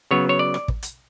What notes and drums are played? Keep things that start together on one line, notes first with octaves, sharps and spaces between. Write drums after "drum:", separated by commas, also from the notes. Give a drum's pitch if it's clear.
C#3 F#3 B3 C#5
C#5
D5
drum: rim click
drum: kick
drum: hi-hat